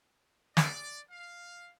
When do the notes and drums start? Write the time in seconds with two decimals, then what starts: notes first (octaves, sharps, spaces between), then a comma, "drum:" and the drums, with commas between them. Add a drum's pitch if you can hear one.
0.57 D5, drum: snare
1.11 F5